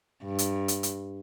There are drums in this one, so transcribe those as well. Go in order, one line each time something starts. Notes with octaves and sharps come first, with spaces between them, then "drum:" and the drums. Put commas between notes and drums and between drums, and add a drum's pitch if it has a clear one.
G2
drum: hi-hat
drum: hi-hat
drum: hi-hat